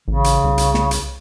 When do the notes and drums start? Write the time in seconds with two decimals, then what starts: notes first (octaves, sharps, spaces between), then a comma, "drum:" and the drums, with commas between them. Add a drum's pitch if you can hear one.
0.08 A1 C#3
0.24 drum: hi-hat
0.44 C2
0.58 drum: hi-hat
0.74 drum: snare
0.91 drum: hi-hat